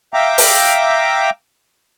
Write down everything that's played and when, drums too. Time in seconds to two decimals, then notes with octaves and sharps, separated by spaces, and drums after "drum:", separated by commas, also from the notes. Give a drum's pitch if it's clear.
0.14 E5 F5 G5 A#5 D6
0.38 drum: open hi-hat